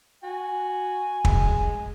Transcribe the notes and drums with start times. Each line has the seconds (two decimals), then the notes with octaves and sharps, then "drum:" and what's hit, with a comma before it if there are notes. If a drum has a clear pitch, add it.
0.23 F#4 G#5
1.25 G#3, drum: kick